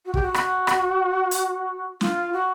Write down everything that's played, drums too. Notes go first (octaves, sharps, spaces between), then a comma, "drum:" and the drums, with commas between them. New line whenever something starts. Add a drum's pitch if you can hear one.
F#4
G4, drum: kick
F#4
drum: rim click
drum: rim click
drum: hi-hat
F4, drum: snare
F#4